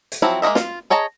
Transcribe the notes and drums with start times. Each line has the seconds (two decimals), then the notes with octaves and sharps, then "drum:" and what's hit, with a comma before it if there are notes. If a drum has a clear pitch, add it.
0.12 drum: hi-hat
0.22 F3 F#3 C4 E4 F#4
0.42 G#3 A#3 F#4 D#5 E5
0.55 F4, drum: snare
0.90 G#4 C#5 D#5 A5 A#5